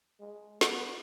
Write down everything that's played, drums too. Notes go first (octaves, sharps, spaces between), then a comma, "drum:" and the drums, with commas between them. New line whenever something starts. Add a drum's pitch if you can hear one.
G#3
B3 D4, drum: snare